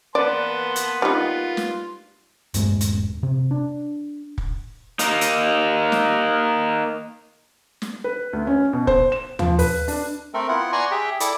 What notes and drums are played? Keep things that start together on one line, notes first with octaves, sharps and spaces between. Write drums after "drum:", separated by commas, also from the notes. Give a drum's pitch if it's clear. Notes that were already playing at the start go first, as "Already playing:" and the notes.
A#3 B3 B4 D5 A5 C6
drum: hi-hat
G3 D#4 F4
drum: snare
D#1 G2 G#3 A3, drum: hi-hat
drum: hi-hat
C3
D4
drum: kick
A#3 D#4, drum: hi-hat
drum: hi-hat
drum: snare
drum: snare
B4
D2
C#4
B2
C5, drum: kick
E7
F3, drum: tom
B4, drum: open hi-hat
D4, drum: open hi-hat
A3 C4 A4 A#4
B3 E4 F4 F#5
D5 F#5 G#5 A#5 C6 C#6
G4 G#4 E5 G5
E4 A4 D5 D6, drum: hi-hat